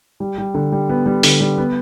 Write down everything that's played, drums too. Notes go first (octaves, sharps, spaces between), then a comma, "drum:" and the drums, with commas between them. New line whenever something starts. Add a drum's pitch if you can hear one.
G3
G3
D3
G3
B3
G3
D3, drum: open hi-hat
G3
B3